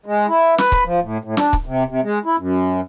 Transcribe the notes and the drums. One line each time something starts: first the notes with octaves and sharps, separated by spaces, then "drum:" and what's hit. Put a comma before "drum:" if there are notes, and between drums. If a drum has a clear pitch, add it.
G#3
E4
B4, drum: snare
drum: kick C#1
F3
A2
A2
D4, drum: snare
drum: kick C#1
C3
C3
G#3
E4
F#2